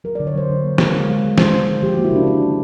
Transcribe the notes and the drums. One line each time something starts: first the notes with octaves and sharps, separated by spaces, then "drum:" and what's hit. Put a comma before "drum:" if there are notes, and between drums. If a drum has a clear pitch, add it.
F#3 A#4
D3 D5
C#5
F#3 C5
D3
A#3
A#3, drum: snare
G#3
G#3
G#3
G#3 C5, drum: snare
G#3
D#3
F3 G4
A#3 F#4
E4
C#3 D4
A#3 D4
A#3